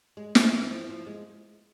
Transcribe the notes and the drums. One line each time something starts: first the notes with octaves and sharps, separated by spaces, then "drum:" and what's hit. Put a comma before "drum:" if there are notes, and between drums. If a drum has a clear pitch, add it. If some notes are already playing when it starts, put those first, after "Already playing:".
G#3
F3, drum: snare
E3
F3
F3
G#3